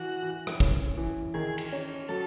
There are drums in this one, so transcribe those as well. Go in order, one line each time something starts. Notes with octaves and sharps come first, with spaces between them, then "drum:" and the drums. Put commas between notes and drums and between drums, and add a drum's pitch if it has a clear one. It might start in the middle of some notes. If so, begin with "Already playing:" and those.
Already playing: E3 F#4
E3
drum: rim click
C#4, drum: kick
E3
D#3 G#4
drum: cymbal
C#4
F#3 A4